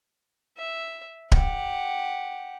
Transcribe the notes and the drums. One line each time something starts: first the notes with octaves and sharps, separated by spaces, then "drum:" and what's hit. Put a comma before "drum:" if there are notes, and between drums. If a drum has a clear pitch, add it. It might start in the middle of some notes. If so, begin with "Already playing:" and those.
E5
G4 F#5, drum: kick D1